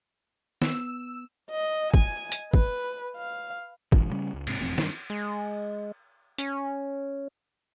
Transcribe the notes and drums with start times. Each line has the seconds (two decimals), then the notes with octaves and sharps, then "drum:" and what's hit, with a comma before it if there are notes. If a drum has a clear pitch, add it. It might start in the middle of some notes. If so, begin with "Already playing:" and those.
0.62 B3 E6, drum: snare
1.51 D#5
1.94 G#5, drum: kick
2.32 drum: hi-hat
2.54 B4, drum: kick
3.17 F5
3.92 G2 A#2 D#3 F3, drum: kick
4.11 C#3 G3 C#4
4.34 C#2
4.47 G#2 C3, drum: cymbal
4.59 E1 A1 F2 C4
4.78 G2, drum: snare
5.10 G#3
6.38 C#4, drum: hi-hat